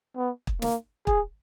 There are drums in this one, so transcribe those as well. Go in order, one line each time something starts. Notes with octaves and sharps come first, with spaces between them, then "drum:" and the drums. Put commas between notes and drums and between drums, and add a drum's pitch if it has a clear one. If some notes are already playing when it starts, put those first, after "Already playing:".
B3
drum: kick
A#3, drum: snare
G#4, drum: kick